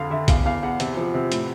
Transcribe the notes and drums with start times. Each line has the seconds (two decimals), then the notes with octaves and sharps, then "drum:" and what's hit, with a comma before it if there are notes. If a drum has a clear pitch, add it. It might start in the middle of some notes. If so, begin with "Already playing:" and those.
Already playing: F2 D3 F5
0.10 D3 E5
0.28 E2 F5, drum: kick, hi-hat
0.45 E2 F5
0.63 E2 F#5
0.80 C3, drum: hi-hat
0.97 F3
1.14 C3
1.32 A2, drum: hi-hat